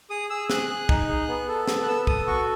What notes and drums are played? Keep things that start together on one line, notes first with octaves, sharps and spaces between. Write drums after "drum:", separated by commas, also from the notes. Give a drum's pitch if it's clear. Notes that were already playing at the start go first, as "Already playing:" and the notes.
G#4 D#6
G#4 E6
G#4 F#6, drum: snare
G#4
D#4, drum: kick
G#4
B3
A4
B3, drum: snare
F#6
B3 E6
A4 D#6, drum: kick
F#4 C#6